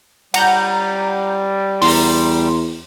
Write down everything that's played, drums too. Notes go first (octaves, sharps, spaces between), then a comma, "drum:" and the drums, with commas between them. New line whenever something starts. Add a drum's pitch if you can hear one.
G3 F#5 A#5 G6, drum: cymbal
E2 A#5 C6, drum: open hi-hat